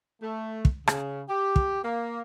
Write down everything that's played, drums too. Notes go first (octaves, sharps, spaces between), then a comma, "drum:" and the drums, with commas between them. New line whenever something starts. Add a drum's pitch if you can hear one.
A3
drum: kick
C#3, drum: rim click
G4
drum: kick
A#3